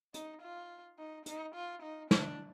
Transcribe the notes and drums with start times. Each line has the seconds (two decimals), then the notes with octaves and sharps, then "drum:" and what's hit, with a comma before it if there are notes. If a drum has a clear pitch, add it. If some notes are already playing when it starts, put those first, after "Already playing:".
0.14 D#4, drum: hi-hat
0.43 F4
0.99 D#4
1.26 D#4, drum: hi-hat
1.55 F4
1.83 D#4
2.11 D4, drum: snare